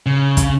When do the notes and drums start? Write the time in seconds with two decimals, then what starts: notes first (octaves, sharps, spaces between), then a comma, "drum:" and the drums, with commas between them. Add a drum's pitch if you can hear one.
0.06 C#3
0.37 drum: kick, hi-hat